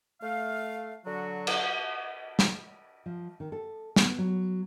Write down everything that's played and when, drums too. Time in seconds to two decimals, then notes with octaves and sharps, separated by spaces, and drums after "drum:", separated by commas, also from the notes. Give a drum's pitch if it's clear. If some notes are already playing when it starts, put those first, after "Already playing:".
0.21 A3 F5
1.05 D3 F#3 F#4
1.47 drum: cymbal
2.39 drum: snare
3.06 F3
3.40 D#3
3.52 A4
3.96 B3, drum: snare
4.18 F#3